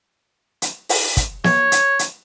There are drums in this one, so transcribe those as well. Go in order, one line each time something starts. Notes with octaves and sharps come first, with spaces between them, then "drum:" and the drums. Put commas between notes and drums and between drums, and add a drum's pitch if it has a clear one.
drum: hi-hat
drum: open hi-hat
drum: kick, hi-hat
C#5, drum: snare
drum: hi-hat
drum: hi-hat